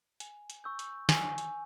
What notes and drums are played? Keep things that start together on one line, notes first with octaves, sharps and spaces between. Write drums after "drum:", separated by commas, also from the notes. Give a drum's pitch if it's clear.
G#5, drum: hi-hat
drum: hi-hat
C#6 E6 G6
drum: hi-hat
G#5, drum: snare
drum: hi-hat